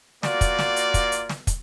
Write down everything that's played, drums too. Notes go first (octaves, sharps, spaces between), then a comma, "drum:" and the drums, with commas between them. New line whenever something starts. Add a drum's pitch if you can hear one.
A#3 F4 F#4 D5, drum: snare
drum: kick, hi-hat
drum: snare
drum: hi-hat
drum: kick, hi-hat
drum: hi-hat
drum: snare
drum: kick, hi-hat